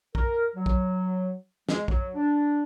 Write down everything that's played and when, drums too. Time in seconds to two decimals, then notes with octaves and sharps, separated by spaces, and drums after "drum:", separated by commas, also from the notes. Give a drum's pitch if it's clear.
0.15 A#4, drum: kick
0.55 F#3
0.66 drum: kick
1.69 G#3, drum: snare
1.88 F#3, drum: kick
2.15 D4